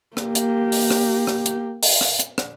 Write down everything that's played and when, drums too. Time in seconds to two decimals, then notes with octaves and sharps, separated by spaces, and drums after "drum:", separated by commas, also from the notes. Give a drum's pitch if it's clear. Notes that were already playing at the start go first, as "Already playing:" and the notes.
0.17 A#3 G4, drum: rim click
0.35 drum: hi-hat
0.72 drum: open hi-hat
0.91 drum: rim click
1.27 drum: rim click
1.46 drum: hi-hat
1.83 drum: open hi-hat
2.01 drum: rim click
2.19 drum: hi-hat
2.38 drum: rim click